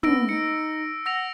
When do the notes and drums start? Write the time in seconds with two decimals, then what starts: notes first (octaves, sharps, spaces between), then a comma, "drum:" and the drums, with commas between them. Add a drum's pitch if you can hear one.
0.03 B3 E6 A#6 D7, drum: tom
0.29 D#4 C#7
1.06 F#5 E6 A#6 F7